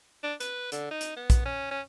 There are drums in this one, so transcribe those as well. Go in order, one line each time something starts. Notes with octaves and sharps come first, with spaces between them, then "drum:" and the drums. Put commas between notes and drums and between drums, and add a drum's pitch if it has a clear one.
D4
B4, drum: hi-hat
D3, drum: hi-hat
D#4
drum: hi-hat
B3
drum: kick, hi-hat
C#4
C#4